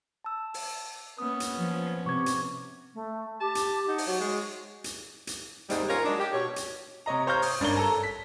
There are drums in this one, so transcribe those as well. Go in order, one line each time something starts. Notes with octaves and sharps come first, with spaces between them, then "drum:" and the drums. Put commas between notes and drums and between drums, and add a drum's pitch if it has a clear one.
A5 E6
drum: open hi-hat
A#3 B3 C#4 D#6
drum: hi-hat
F3
C3 C#6 D6 G#6
drum: hi-hat
A3
G4 A5
drum: hi-hat
D#4 F#5
drum: open hi-hat
F#3 F#4
G#3
drum: hi-hat
drum: hi-hat
D#2 G#2 C3 G3 D#5, drum: hi-hat
C#4 F4 A#4 C#5
F#3 G#3 D4
G4
B2 C#5
drum: hi-hat
C3 C#5 D#5 A#5
C5 C#5 F5 A#5 F6 G6
D#6, drum: open hi-hat
G#1 G2 D4 A#4 C#5 G7
A4 A5 A#5
B6